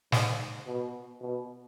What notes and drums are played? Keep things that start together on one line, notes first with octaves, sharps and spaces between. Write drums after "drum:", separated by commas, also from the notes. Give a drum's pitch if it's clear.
G#2, drum: snare
B2
B2